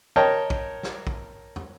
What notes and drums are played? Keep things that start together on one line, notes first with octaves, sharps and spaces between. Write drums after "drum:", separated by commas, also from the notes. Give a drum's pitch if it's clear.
A#4 C#5 D#5 G5 A5
drum: kick
drum: snare
drum: kick
drum: tom